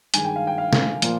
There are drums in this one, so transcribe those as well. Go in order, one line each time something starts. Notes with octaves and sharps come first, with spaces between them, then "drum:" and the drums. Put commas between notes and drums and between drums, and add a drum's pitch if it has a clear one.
G2 D#3 G#3 G#5, drum: hi-hat
G5
F5
G5
F5
drum: snare
A#2 F3 A#3 F4, drum: hi-hat